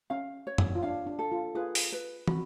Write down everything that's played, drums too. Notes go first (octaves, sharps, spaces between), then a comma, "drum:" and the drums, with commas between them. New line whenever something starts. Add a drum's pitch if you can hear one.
C#4 F5
C#5
drum: tom F#2
F4
D4 F5
D4
A4
F4
F4 G#4 B4
drum: open hi-hat
B4
F#4 B5, drum: tom